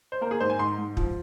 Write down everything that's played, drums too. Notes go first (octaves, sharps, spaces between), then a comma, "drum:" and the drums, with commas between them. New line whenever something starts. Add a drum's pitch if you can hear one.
C5
A#3 A#4
G#4
G#2 C5
G#5
G#2 C6
G#2
F3, drum: kick